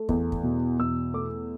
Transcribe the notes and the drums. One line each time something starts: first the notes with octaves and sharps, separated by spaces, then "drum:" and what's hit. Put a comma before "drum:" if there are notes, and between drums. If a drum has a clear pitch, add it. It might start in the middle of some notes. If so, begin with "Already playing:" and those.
Already playing: A3
E2, drum: kick
drum: kick
B2
E2 E6
A3 D6